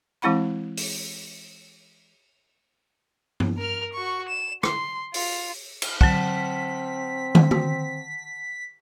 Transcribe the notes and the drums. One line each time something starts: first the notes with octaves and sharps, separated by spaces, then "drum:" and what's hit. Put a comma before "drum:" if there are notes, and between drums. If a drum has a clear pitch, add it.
E3 G#3 C4 E4 F#5 B5
drum: open hi-hat
drum: tom
A#4 F6
F#4 C#6
E7
C6, drum: rim click
F4, drum: open hi-hat
drum: cymbal
D3 F#3 C4 F#5 A5 B6, drum: kick
drum: tom
drum: tom D#3